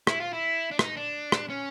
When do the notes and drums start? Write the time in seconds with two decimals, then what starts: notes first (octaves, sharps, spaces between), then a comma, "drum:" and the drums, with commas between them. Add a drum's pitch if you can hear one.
0.07 E4, drum: rim click
0.20 F4
0.33 E4
0.71 D4
0.79 D#4, drum: rim click
0.97 D4
1.32 drum: rim click
1.50 C#4